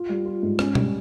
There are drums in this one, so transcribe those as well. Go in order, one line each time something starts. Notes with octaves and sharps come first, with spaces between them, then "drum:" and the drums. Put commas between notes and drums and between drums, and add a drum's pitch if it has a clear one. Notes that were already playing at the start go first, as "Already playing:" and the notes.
Already playing: F4
G3
F4
G#2
C#4, drum: rim click
G3, drum: tom